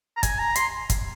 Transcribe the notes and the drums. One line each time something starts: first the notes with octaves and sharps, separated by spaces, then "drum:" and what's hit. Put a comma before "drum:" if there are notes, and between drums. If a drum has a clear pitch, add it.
A#5
G#5, drum: kick, hi-hat
A#5
C6, drum: hi-hat
drum: kick, hi-hat